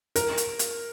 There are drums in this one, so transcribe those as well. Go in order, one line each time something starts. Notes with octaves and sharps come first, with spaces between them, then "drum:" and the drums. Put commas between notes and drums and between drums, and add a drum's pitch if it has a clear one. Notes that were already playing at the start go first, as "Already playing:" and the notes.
A#4, drum: hi-hat
drum: hi-hat
drum: hi-hat